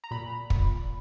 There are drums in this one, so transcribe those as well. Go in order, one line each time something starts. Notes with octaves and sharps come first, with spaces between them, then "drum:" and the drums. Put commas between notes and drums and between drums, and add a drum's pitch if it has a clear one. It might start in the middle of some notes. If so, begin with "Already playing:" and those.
A#5
A#2 B5
A#2, drum: kick